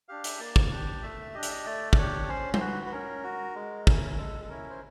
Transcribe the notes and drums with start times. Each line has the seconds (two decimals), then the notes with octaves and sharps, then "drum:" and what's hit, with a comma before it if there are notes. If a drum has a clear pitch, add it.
0.08 D4 G4 F5
0.24 E5, drum: hi-hat
0.40 A#3 D5
0.56 drum: kick
0.71 D4 G4
1.03 A3 E5
1.34 D4 G4 D#5
1.43 E5, drum: hi-hat
1.51 D#5
1.66 A3 D5
1.93 D5, drum: kick
1.98 D4 G4 C#5
2.28 C#4 C5
2.54 C5, drum: tom G3
2.60 F#4 B4
2.86 B4
2.92 C#4 A#4
3.24 F#4
3.55 G#3
3.87 C#4 E4, drum: kick
4.11 A#4
4.18 G#3 A4
4.44 A4
4.49 C#4 E4 A#4
4.70 C5